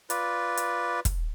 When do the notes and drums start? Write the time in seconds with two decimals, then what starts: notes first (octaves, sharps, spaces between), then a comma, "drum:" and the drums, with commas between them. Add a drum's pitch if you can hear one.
0.10 F4 B4 D5, drum: hi-hat
0.57 drum: hi-hat
1.05 drum: kick, hi-hat